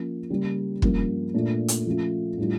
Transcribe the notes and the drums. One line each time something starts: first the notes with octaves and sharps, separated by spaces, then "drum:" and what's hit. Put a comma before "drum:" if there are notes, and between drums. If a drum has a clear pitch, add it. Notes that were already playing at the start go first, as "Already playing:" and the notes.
Already playing: F3 A#3 C#4
C#3 G3 A#3
G2 F3 A#3 C#4, drum: kick
A#2 A3 D4
drum: hi-hat
F3 A3 C#4 F4
A2 G3 D4 F4